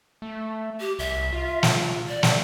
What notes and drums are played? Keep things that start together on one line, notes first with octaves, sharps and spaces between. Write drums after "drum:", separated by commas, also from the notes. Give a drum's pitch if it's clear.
A3
G4
C2 E5
F4
drum: snare
D5
drum: snare